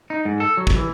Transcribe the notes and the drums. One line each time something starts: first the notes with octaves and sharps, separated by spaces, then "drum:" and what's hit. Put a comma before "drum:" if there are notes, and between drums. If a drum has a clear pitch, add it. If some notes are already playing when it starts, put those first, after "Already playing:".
D#4
G#2
A4
F#3
drum: kick
E3